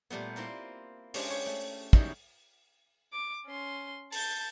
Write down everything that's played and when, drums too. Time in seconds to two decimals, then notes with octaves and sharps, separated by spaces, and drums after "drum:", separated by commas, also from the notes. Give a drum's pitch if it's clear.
0.10 A#2 G3 A3 B3
0.36 A#3 C4 E4 F4
1.14 G#3 C#4 D4 G4 C5, drum: open hi-hat
1.30 C#5
1.46 A3
1.93 F#2 B2 D#3 G3 G#3 E4, drum: kick
3.13 D6
3.46 C#4 C6
4.12 A5 G6, drum: open hi-hat